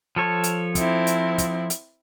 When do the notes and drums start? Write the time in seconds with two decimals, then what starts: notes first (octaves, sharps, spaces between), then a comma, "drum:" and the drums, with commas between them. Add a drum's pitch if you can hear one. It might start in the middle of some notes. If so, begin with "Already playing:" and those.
0.16 F3 A4 C#5
0.44 drum: hi-hat
0.75 C4 E4, drum: kick, hi-hat
1.07 drum: hi-hat
1.38 drum: kick, hi-hat
1.70 drum: hi-hat